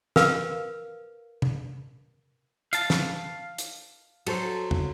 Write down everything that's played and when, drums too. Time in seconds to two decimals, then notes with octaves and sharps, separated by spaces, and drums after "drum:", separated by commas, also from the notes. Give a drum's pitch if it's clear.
0.16 A#4 B4 F5, drum: snare
1.42 drum: tom
2.73 F5 A5, drum: hi-hat
2.90 drum: snare
3.58 drum: hi-hat
4.27 F#3 A4 C5, drum: cymbal
4.71 drum: tom